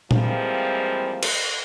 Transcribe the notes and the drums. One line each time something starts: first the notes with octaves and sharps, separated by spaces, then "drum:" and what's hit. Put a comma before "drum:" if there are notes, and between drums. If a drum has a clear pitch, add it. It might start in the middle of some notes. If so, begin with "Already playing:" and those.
E3 F3 G3 G#3 A#3 C4, drum: tom A#2
drum: cymbal